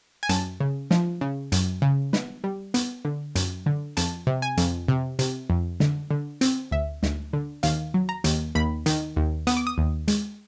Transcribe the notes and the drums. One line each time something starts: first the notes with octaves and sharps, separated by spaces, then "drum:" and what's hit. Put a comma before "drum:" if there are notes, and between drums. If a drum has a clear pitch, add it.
G#5
F#2 A5, drum: hi-hat
C#3
F3, drum: snare
C#3
F#2, drum: hi-hat
C#3
B3, drum: snare
G3
B3, drum: hi-hat
D3
F#2, drum: hi-hat
D3
F2 A5, drum: hi-hat
C3
G#5
F2, drum: hi-hat
C3
C3, drum: hi-hat
F2
D3, drum: snare
D3
C4, drum: hi-hat
D2 E5
D2, drum: snare
D3
D#2 F5, drum: hi-hat
F#3
A#5
D#2, drum: hi-hat
D#2 B5
D#3, drum: hi-hat
D#2
B3 D#6, drum: hi-hat
D6
D#6
D#2
G#3, drum: hi-hat